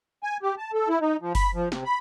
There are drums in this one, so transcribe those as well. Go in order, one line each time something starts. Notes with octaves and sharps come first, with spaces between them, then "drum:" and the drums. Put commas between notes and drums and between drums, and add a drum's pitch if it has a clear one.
G#5
G4
A5
A4
E4
D#4
F3
B5, drum: kick F#1, open hi-hat
F3
C3, drum: snare
B5